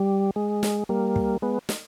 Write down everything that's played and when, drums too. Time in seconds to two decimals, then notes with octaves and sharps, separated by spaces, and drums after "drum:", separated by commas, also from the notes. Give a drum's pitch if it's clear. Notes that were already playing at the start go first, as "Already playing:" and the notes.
Already playing: G3
0.36 G#3
0.63 drum: snare
0.89 G3 A#3
1.16 drum: kick
1.42 G#3 B3
1.69 drum: snare